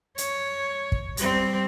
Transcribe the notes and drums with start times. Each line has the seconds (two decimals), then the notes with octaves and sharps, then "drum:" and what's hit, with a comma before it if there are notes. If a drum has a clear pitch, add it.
0.18 C#5, drum: hi-hat
0.92 drum: kick
1.17 G3 C4, drum: hi-hat